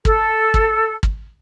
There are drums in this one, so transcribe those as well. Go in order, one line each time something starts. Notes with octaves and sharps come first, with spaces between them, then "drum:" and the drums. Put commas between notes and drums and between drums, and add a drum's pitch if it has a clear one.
A4, drum: kick
drum: kick
drum: kick